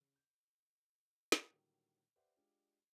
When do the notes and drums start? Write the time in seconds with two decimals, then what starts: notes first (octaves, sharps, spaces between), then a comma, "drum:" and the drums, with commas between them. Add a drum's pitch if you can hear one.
0.01 C#3
0.16 G6
1.32 drum: snare
1.50 A2 D3 D#3 F#3 G3 A#3
2.16 G4 B4 C5 D5 E5 F#5
2.36 G#3 D4 F4 G4